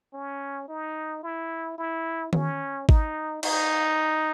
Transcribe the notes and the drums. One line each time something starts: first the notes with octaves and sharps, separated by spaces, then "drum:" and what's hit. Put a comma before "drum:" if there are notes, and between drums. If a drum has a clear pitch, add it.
C#4
D#4
E4
E4
C#4, drum: tom D#3
D#4, drum: kick G#1
D#4, drum: cymbal